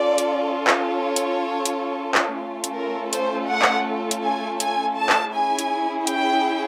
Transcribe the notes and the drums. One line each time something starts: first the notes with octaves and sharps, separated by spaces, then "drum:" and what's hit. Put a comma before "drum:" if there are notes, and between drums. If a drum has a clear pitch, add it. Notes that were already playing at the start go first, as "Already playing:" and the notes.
Already playing: C#4 F4 A4 D5
drum: hi-hat
drum: clap
C#5
drum: hi-hat
drum: hi-hat
drum: clap
A3 C#4 F4 A4
drum: hi-hat
A#4
C5, drum: hi-hat
F#5
drum: clap
drum: hi-hat
G#5
G#5, drum: hi-hat
A5
drum: clap
C#4 E4 G#4 G#5
drum: hi-hat
G5, drum: hi-hat